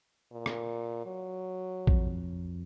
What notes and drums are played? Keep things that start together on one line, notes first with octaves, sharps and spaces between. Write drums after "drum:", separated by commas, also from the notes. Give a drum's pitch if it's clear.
A#2
drum: rim click
F#3
F2, drum: kick